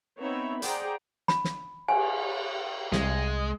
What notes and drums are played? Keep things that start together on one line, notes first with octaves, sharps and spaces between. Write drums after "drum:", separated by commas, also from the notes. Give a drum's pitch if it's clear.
B3 C4 D#4 C#5 E5 B5
G#4 C5 D5 F#5 G5 A#5, drum: hi-hat
B5, drum: snare
drum: snare
G#5, drum: cymbal
C2 G#3, drum: snare